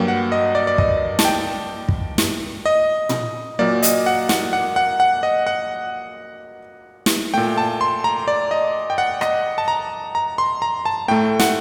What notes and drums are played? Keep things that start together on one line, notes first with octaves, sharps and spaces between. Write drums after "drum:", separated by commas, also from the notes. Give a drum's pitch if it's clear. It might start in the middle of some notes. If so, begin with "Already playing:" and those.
Already playing: G2 F#3 A#3 G5
F#5
D#5
D5
D5
D#5, drum: kick
A5, drum: snare
G5
drum: kick
drum: snare
D#5
drum: tom
A#2 F#3 A#3 D5
D#5, drum: hi-hat
F#5
F#5, drum: snare
F#5
F#5
F#5
D#5
F#5
drum: snare
A#2 A3 G5
A5
C6
A#5
D5
D#5
G5
F#5
D#5, drum: rim click
A5
A#5
A#5
C6
A#5
A5
A2 A3 G5
F#5, drum: snare